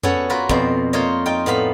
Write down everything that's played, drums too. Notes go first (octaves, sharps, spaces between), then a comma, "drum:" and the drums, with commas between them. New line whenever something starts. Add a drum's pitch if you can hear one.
B3 C#4 F#4 A4 C#5 F#5, drum: tom F2
F4 F#4 A#4 B4
F2 B2 C5, drum: kick
A#3 F4 C5 C#5 D#5
D#4 F4 G5
A2 B3 F5 B5